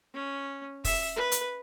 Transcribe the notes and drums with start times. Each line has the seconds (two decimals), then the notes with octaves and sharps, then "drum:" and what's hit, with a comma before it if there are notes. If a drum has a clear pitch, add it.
0.14 C#4
0.84 E5, drum: kick, open hi-hat
1.16 B4
1.32 drum: hi-hat